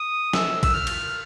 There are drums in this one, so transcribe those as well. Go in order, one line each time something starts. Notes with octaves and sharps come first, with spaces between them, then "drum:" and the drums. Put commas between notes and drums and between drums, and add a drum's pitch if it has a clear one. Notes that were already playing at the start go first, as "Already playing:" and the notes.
Already playing: D#6
E6, drum: snare
E6, drum: kick, cymbal
F6
drum: cymbal